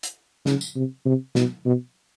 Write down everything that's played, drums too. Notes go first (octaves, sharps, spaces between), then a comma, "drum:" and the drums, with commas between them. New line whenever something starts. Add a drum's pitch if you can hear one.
drum: hi-hat
C#3, drum: snare
drum: tambourine
C3
C3
B2, drum: snare
B2